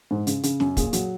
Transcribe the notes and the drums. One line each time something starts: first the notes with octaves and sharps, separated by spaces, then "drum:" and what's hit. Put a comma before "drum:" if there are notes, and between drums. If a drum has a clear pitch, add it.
G#2
C#3, drum: hi-hat
C#3, drum: hi-hat
F#2, drum: snare
A#2 G#4, drum: kick, hi-hat
F#3, drum: hi-hat